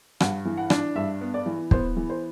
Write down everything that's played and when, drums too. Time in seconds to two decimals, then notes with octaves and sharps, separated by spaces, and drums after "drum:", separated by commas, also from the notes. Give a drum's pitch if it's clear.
0.20 G2 F#5, drum: rim click
0.45 E3
0.58 F#5
0.70 D4, drum: rim click
0.95 G2 E5
1.21 B3
1.34 D5
1.46 E3
1.71 B3 C5, drum: kick
1.97 E3
2.10 C5